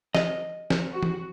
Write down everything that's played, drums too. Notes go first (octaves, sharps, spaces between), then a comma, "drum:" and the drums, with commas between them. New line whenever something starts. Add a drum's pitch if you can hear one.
D#5, drum: snare
drum: snare
F#4
drum: tom E3